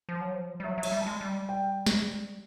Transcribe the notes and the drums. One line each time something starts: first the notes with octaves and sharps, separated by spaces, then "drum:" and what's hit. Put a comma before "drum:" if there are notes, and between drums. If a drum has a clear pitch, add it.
F3
F#3
F3
G3
F#3 E5
F#3
E5, drum: cymbal
G3
A5
G#3
G3
G5
drum: snare